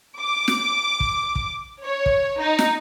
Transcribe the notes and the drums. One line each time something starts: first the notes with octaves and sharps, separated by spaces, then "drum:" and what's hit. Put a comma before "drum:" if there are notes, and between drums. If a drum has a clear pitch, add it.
D6
drum: snare
drum: kick
drum: kick
C#5
drum: kick
D#4
drum: snare